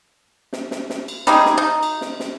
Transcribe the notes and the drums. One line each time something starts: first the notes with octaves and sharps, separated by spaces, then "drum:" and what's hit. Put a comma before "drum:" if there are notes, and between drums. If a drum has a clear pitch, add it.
drum: snare
drum: snare
drum: snare
drum: cymbal
G3 D#4 G#4, drum: snare
drum: snare
D#4
drum: cymbal
drum: snare
drum: snare